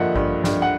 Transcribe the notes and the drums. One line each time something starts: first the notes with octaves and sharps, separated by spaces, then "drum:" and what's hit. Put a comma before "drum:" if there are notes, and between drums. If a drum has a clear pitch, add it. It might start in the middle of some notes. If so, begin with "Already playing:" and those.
Already playing: G2 D3 F3 A#3 D#5 E5 F#5
G2, drum: kick A1
G2, drum: snare
F#5